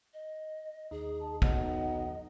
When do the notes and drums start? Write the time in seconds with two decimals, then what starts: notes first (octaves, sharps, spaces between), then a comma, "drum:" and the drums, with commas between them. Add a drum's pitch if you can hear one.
0.14 D#5
0.91 D#2 D#4 G#4
1.20 A5
1.42 B1 D#5 F#5, drum: kick